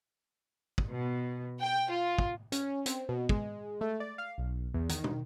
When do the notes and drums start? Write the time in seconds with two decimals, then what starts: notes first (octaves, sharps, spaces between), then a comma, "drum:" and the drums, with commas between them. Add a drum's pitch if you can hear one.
0.78 drum: kick
0.88 B2
1.60 G5
1.91 F4
2.18 drum: kick
2.52 C#4, drum: hi-hat
2.86 C4, drum: hi-hat
3.09 B2
3.29 G#3, drum: kick
3.81 A3
4.00 D5
4.18 F5
4.38 B1
4.74 E2
4.89 D#3, drum: hi-hat
5.04 drum: tom